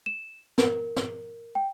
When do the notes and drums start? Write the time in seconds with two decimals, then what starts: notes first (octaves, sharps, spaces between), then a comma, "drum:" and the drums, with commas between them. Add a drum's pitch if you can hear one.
0.06 E7
0.58 A#4, drum: snare
0.96 drum: snare
1.55 G5